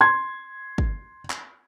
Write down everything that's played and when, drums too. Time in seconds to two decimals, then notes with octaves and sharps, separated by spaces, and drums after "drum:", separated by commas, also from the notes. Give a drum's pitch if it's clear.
0.01 C6 G#6
0.78 drum: kick
1.30 drum: clap